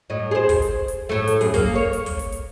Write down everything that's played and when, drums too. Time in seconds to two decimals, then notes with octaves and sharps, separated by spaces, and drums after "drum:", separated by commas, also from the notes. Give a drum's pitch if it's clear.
0.10 A2 D#5
0.31 G#4 C5
0.49 drum: kick, open hi-hat
0.62 drum: hi-hat
0.88 drum: hi-hat
1.09 A2 A3
1.28 drum: hi-hat
1.41 F#2 G#4, drum: open hi-hat
1.54 A#3, drum: kick, open hi-hat
1.75 C#5
1.93 drum: hi-hat
2.06 drum: kick, open hi-hat
2.19 drum: hi-hat
2.32 drum: hi-hat